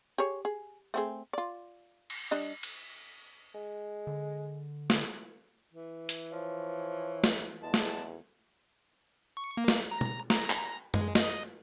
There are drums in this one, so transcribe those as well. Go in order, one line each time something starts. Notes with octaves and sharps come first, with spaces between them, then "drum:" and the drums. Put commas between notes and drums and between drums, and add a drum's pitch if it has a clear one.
G4 G#4 C#5
G#4
A3 C4 G#4
F4 D5
drum: cymbal
G3 D4 D#5
drum: cymbal
G#3
D3
drum: snare
E3
drum: hi-hat
F3 C#5
drum: snare
E2 G#3 A5
drum: snare
C#6
A#3
drum: snare
A#5
drum: tom
A#5, drum: snare
drum: clap
G#3, drum: tom F#2
D#5, drum: snare